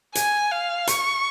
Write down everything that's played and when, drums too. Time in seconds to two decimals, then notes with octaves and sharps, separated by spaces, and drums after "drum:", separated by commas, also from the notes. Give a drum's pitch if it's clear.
0.15 G#5, drum: hi-hat
0.51 F5
0.87 C#6, drum: hi-hat